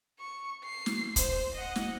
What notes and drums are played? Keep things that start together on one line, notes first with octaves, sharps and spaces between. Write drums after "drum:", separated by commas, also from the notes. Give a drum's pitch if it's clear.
C#6
C7
drum: snare
C5, drum: kick, hi-hat
D#5 F#5
drum: snare